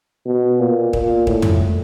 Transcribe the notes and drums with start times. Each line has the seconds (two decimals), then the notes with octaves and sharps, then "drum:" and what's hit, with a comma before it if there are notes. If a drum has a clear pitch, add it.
0.27 B2
0.60 A#2
0.93 A#2, drum: kick
1.27 A2, drum: kick
1.42 drum: tom